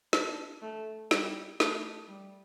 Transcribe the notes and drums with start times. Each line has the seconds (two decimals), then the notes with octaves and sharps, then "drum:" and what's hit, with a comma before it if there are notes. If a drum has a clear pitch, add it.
0.13 D4, drum: snare
0.62 A3
1.11 G3, drum: snare
1.60 A3, drum: snare
2.08 G3